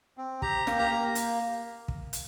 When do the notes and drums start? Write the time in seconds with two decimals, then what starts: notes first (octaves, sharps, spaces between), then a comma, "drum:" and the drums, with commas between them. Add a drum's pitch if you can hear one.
0.18 C4
0.42 G4 A#5, drum: kick
0.67 A#3, drum: snare
0.79 A#5
0.91 A#3
1.15 drum: hi-hat
1.88 drum: kick
2.13 drum: hi-hat